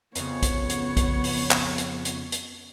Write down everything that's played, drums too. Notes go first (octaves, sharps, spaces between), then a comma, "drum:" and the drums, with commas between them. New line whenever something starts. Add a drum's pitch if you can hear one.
F2 C#3 B3 C#5, drum: hi-hat
drum: kick, hi-hat
drum: hi-hat
drum: kick, hi-hat
drum: open hi-hat
drum: clap
drum: hi-hat
drum: hi-hat
drum: hi-hat